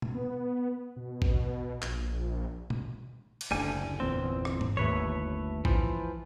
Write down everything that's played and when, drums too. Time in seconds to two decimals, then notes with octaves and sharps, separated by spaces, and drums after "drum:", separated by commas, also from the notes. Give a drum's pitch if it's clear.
0.02 drum: tom B2
0.14 B3
0.96 B2
1.22 drum: kick A1
1.82 A#1, drum: clap
2.70 drum: tom B2
3.41 drum: cymbal
3.51 F#1 D2 D3 G3 G#5
4.00 G1 E2 A#2 C4
4.45 drum: rim click
4.61 drum: tom G#2
4.77 G1 D#2 A3 B4 C#5
5.65 E3 F3, drum: kick A1